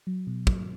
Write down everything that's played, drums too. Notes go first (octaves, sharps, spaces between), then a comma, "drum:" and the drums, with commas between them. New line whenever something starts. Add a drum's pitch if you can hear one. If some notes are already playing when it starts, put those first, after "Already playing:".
F#3
B2
F#3, drum: kick